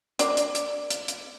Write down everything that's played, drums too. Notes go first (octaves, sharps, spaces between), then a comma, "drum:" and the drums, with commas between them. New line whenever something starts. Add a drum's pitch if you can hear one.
D4 A#4 D5, drum: hi-hat
drum: hi-hat
drum: hi-hat
drum: hi-hat
drum: hi-hat